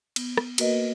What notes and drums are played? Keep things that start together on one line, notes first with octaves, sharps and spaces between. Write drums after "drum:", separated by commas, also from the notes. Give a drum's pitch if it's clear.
B3, drum: cymbal
drum: rim click
A#3 F#4 A#4 B4 D#5, drum: cymbal